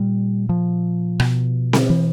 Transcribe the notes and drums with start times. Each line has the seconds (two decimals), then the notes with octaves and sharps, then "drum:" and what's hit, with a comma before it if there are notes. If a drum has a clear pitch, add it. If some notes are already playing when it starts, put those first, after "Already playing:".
Already playing: A#2 G3
0.49 F3
1.20 B2, drum: rim click
1.73 drum: snare C4
1.90 E3